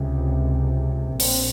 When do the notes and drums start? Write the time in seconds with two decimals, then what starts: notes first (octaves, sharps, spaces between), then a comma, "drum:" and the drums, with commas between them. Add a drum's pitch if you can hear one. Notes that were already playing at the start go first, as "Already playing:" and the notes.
Already playing: C#2 C3
1.20 A#1 C4, drum: open hi-hat